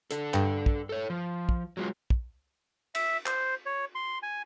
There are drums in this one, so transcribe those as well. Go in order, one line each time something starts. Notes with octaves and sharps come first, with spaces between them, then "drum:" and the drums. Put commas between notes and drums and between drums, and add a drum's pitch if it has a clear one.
D4 A4, drum: hi-hat
G2, drum: clap
drum: kick
A4 C#5
F3
drum: kick
F#3 G#3 F4
drum: kick
E5, drum: cymbal
C5, drum: clap
C#5
C6
G#5